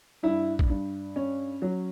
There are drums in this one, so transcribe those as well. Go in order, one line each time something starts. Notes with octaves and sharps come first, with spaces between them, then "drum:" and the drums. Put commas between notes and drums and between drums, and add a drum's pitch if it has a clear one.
G2 E4
drum: kick
G2
C#4
F#3